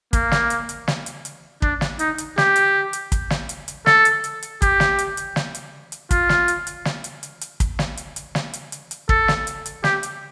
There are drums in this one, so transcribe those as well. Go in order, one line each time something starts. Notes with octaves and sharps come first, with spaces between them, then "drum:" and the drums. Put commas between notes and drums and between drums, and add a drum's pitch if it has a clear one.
A#3, drum: kick, hi-hat
drum: snare
drum: hi-hat
drum: hi-hat
drum: snare
drum: hi-hat
drum: hi-hat
D4, drum: kick
drum: snare
D#4, drum: hi-hat
drum: hi-hat
G4, drum: snare
drum: hi-hat
drum: hi-hat
drum: kick, hi-hat
drum: snare
drum: hi-hat
drum: hi-hat
A4, drum: snare
drum: hi-hat
drum: hi-hat
drum: hi-hat
G4, drum: kick, hi-hat
drum: snare
drum: hi-hat
drum: hi-hat
drum: snare
drum: hi-hat
drum: hi-hat
F4, drum: kick, hi-hat
drum: snare
drum: hi-hat
drum: hi-hat
drum: snare
drum: hi-hat
drum: hi-hat
drum: hi-hat
drum: kick, hi-hat
drum: snare
drum: hi-hat
drum: hi-hat
drum: snare
drum: hi-hat
drum: hi-hat
drum: hi-hat
A4, drum: kick
drum: snare
drum: hi-hat
drum: hi-hat
G4, drum: snare
drum: hi-hat